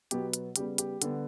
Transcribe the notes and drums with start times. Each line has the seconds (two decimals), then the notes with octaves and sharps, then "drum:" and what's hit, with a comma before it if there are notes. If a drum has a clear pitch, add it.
0.11 B2 F#3 B3 G4, drum: hi-hat
0.34 drum: hi-hat
0.56 C#3 G3 B3 G4, drum: hi-hat
0.78 G4, drum: hi-hat
1.02 D3 G3 B3, drum: hi-hat